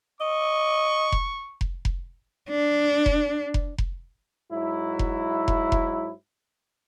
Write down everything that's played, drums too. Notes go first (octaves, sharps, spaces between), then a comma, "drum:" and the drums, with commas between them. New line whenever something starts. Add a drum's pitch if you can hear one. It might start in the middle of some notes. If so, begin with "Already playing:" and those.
D#5 C#6
drum: kick F1
drum: kick F1
drum: kick F1
D4
drum: kick F1
drum: kick F1
drum: kick F1
G#2 F#3 E4
drum: kick F1
drum: kick F1
drum: kick F1